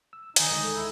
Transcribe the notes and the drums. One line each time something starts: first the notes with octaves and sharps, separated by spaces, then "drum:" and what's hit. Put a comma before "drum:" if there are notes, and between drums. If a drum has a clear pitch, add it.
E6
D#3 D#4 G#5, drum: hi-hat
D2 G#3 G#5
A4
E4